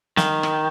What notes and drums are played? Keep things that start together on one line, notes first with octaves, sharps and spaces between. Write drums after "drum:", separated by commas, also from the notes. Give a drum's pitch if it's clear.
D#3, drum: snare
drum: rim click